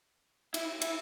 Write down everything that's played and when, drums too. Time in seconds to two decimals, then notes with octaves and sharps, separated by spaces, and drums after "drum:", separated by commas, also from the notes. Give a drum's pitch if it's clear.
0.54 E4, drum: cymbal
0.82 E4, drum: cymbal